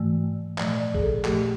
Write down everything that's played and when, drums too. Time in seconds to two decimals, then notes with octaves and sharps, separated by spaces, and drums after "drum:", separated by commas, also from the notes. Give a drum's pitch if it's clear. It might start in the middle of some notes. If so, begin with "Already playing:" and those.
Already playing: G#2 E3 A3
0.58 A#2 F3 A3 D5, drum: clap
0.80 D5
0.94 G#4, drum: kick A1
1.02 A4
1.25 A#2 F3 A3 G4, drum: clap